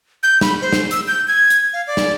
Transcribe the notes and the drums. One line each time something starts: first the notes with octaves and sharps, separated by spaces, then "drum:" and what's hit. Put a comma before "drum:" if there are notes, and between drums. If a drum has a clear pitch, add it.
G6
B5, drum: snare
C5
drum: snare
E6, drum: hi-hat
G6
G#6
drum: hi-hat
F5
D5
drum: snare